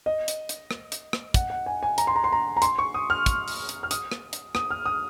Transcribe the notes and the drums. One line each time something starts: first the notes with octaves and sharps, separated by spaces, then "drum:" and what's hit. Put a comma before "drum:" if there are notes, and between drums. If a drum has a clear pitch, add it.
D#5
drum: hi-hat
drum: hi-hat
drum: rim click
drum: hi-hat
drum: rim click
F#5, drum: kick, hi-hat
F#5
G#5
G#5
A#5, drum: hi-hat
C6
A#5
C6
A#5
A#5
C6, drum: hi-hat
C#6
D#6
F6
drum: kick, hi-hat
drum: open hi-hat
drum: hi-hat
F6
D#6, drum: hi-hat
drum: rim click
drum: hi-hat
D#6, drum: rim click
F6
D#6